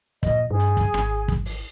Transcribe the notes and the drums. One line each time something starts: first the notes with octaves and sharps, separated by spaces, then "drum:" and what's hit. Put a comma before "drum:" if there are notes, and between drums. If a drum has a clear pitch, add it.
A#2 D#5, drum: kick, hi-hat
G2 G#4
drum: hi-hat
drum: kick, hi-hat
G#1, drum: rim click
drum: kick, hi-hat
drum: open hi-hat